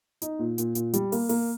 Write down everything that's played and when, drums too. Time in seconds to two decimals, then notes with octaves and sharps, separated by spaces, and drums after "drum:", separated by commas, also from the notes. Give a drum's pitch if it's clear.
0.22 D#4, drum: hi-hat
0.39 A#2
0.58 A#2, drum: hi-hat
0.75 A#2, drum: hi-hat
0.93 G3, drum: hi-hat
1.12 A#3, drum: open hi-hat
1.29 A#3, drum: open hi-hat